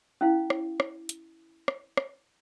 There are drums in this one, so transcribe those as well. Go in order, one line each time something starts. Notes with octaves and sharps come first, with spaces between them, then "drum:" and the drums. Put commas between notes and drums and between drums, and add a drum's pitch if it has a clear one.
C#4 E4 F5
drum: rim click
drum: rim click
drum: hi-hat
drum: rim click
drum: rim click